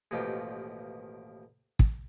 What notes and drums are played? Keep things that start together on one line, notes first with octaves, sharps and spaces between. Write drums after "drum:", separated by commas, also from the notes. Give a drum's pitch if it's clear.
A1 D#2 B2 D#3 F3 G4
drum: kick